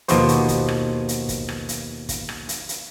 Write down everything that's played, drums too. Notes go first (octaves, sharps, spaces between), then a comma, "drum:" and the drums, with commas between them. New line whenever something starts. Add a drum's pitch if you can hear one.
D#2 B2 F3 B3 F#4 C5, drum: hi-hat
drum: hi-hat
drum: kick, hi-hat
drum: rim click
drum: hi-hat
drum: kick, hi-hat
drum: rim click
drum: hi-hat
drum: kick, hi-hat
drum: rim click
drum: hi-hat
drum: hi-hat